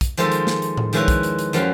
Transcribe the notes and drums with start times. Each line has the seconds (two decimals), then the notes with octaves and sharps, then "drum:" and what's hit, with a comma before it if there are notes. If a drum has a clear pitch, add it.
0.01 drum: kick, hi-hat
0.17 D#3 F3 G#3 F4 A4, drum: hi-hat
0.32 drum: hi-hat
0.47 drum: snare
0.62 drum: hi-hat
0.77 drum: tom A2
0.93 D#3 F3 G#3 E4 B4 C#5, drum: hi-hat
1.08 drum: kick, hi-hat
1.23 drum: hi-hat
1.39 drum: hi-hat
1.53 F#2 F3 F#3 F5 G5, drum: hi-hat